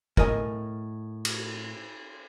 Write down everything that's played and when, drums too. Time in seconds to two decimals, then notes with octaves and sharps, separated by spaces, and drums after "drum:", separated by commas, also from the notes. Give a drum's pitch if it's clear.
0.17 A2 A#4 D#5 G#5, drum: kick
1.25 drum: cymbal